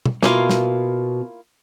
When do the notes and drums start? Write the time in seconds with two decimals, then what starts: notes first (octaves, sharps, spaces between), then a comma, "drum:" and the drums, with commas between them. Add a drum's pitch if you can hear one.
0.06 drum: tom
0.23 B2 A#3 E4 F4, drum: snare
0.49 drum: snare